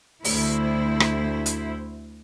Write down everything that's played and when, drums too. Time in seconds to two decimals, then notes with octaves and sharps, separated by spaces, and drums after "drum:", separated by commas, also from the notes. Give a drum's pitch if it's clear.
0.24 D2 E4 C5, drum: open hi-hat
1.00 drum: rim click
1.46 drum: hi-hat